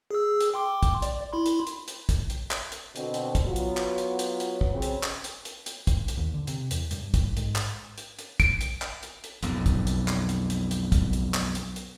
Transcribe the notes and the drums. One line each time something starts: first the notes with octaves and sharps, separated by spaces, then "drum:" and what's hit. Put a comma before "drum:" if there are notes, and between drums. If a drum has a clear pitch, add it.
G#4 E6
drum: hi-hat
G5 C6 D6
drum: kick, hi-hat
D5, drum: hi-hat
E4 B5 C6
drum: hi-hat
drum: hi-hat
drum: hi-hat
drum: kick, hi-hat
drum: hi-hat
drum: clap
drum: hi-hat
B2 D3 C4, drum: hi-hat
drum: hi-hat
drum: kick, hi-hat
F#3 B3 F4
drum: hi-hat
drum: clap
drum: hi-hat
drum: hi-hat
drum: hi-hat
drum: kick
C#3 C4
drum: hi-hat
drum: clap
drum: hi-hat
drum: hi-hat
drum: hi-hat
drum: kick, hi-hat
drum: hi-hat
D#2
D3
C3, drum: hi-hat
E2, drum: hi-hat
G2, drum: hi-hat
G1, drum: kick, hi-hat
G#2, drum: hi-hat
drum: clap
drum: hi-hat
drum: hi-hat
D7, drum: kick, hi-hat
drum: hi-hat
drum: clap
drum: hi-hat
drum: hi-hat
B1 F2, drum: hi-hat
drum: kick, hi-hat
drum: hi-hat
drum: clap
drum: hi-hat
drum: hi-hat
drum: hi-hat
drum: kick, hi-hat
drum: hi-hat
drum: clap
drum: hi-hat
drum: hi-hat